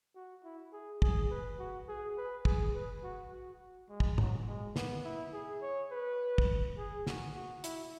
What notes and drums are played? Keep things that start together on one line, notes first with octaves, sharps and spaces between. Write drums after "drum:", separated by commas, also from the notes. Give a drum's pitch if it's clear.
F#4
E4
G#4
G#4, drum: kick
B4
F#4
G#4
B4
G#4, drum: kick
B4
F#4
F#4
G#3
drum: kick
F#3, drum: tom G#2
G#3
B3, drum: snare
E4
G#4
C#5
B4
drum: kick
G#4
F#4, drum: snare
F#4
E4, drum: hi-hat